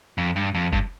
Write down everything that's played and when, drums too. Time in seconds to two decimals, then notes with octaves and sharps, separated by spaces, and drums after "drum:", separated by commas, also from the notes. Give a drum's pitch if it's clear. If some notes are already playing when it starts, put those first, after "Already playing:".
0.18 F2
0.36 G2
0.55 F2
0.72 G2, drum: kick